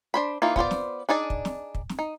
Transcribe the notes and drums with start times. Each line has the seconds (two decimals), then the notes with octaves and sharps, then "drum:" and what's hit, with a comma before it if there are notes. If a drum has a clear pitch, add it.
0.14 D4 C5 B5
0.42 E3 A#3 D#4 F4
0.56 B3 F4 C5 D5, drum: kick
0.71 drum: snare
1.09 D4 D#4 G#4 D5
1.30 drum: kick
1.45 drum: snare
1.75 drum: kick
1.89 drum: snare
1.99 D#4